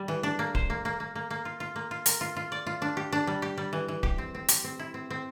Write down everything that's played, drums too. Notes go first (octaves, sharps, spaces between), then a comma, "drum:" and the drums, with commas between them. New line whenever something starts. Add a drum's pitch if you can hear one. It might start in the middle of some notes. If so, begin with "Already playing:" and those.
Already playing: G3
E3
D4
A#3
C5, drum: kick D1
A#3
A#3
A#3
A#3
A#3
F4
F4
A#3
F4
A#4, drum: hi-hat
F4
F4
D5
F4
D4
G4
D4
G3
G4
G3
E3
E3
G4, drum: kick D1
C4
C4
G4, drum: hi-hat
C4
E4
C4
C4